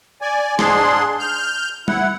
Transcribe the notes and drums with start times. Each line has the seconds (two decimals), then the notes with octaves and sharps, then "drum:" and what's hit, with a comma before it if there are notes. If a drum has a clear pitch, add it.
0.22 D5 G#5
0.59 G#2 D4 G#4 C6, drum: snare
1.19 F6 G6
1.88 E4 F#5, drum: tom G3